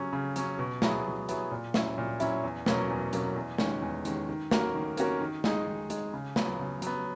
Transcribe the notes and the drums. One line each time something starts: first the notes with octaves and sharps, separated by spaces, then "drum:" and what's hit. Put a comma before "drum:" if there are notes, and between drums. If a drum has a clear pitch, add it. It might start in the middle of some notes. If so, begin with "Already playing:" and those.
Already playing: C#3 F#3 C#4
C#3
F#3 C#4, drum: hi-hat
B2
F#3 B3 E4 G#4, drum: snare
B2
F#3 B3 E4 G#4, drum: hi-hat
A#2
F#3 C#4 E4, drum: snare
A#2
F#3 C#4 E4, drum: hi-hat
E2
B2 F#3 A#3 C#4, drum: snare
E2
B2 F#3 A#3 C#4, drum: hi-hat
E2
D#3 G#3 C#4, drum: snare
E2
D#3 G#3 C#4, drum: hi-hat
D#3
A#3 C#4 F#4 A#4, drum: snare
D#3
A#3 C#4 F#4 A#4, drum: hi-hat
D#3
G#3 D#4 G#4, drum: snare
D#3
G#3 D#4 G#4, drum: hi-hat
C#3
F#3 B3, drum: snare
C#3
F#3 B3, drum: hi-hat